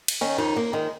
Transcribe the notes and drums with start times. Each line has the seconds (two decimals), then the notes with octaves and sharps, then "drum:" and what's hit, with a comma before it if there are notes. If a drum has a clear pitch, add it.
0.08 drum: cymbal
0.21 D#3 C#4
0.38 F2 D#4
0.56 F2 A#3
0.73 D#3 G#3